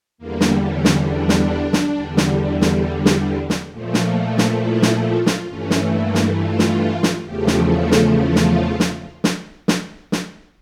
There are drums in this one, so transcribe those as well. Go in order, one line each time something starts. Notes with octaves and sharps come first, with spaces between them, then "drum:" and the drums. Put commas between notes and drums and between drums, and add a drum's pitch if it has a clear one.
E2 D3 G3 A#3
drum: snare
C#4
drum: snare
D4
drum: snare
drum: snare
E2 D3 G3
drum: snare
drum: snare
drum: snare
drum: snare
A#2 F3 A3
drum: snare
drum: snare
E4
drum: snare
F4
drum: snare
G2 E3 A3 C#4
drum: snare
A#3
drum: snare
F4
drum: snare
drum: snare
E2 C#3 F3 A3 G4
drum: snare
A4
drum: snare
F4
drum: snare
drum: snare
drum: snare
drum: snare
drum: snare